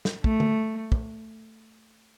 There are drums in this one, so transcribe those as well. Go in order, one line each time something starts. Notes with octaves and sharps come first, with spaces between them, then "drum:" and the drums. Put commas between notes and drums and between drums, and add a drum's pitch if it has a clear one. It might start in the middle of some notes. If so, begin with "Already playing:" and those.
drum: snare
A3, drum: kick
drum: tom D3
drum: kick